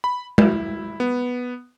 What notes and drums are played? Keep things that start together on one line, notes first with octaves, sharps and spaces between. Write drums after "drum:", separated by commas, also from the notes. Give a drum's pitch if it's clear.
B5
E4, drum: tom G#3
B3